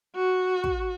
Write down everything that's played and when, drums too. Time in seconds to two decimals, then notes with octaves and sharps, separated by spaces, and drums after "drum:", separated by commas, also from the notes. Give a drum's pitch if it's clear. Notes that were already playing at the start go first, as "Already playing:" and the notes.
0.16 F#4
0.64 drum: kick